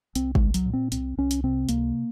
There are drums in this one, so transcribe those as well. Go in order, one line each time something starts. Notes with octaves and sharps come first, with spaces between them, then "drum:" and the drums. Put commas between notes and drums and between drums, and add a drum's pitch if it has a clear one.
C2 C4, drum: hi-hat
G#3, drum: kick
C2
F#3, drum: hi-hat
A#2
C4
C2 C4, drum: hi-hat
C2 C#4
drum: hi-hat
C3 C4
C#2 A#3, drum: hi-hat